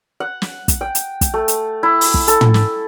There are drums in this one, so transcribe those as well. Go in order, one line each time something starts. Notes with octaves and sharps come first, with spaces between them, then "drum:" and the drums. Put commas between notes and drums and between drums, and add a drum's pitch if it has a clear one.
F#5
drum: snare
drum: kick, hi-hat
G5
drum: hi-hat
drum: kick, hi-hat
A3
drum: hi-hat
E4
drum: open hi-hat
drum: kick
A4, drum: hi-hat
drum: tom
drum: snare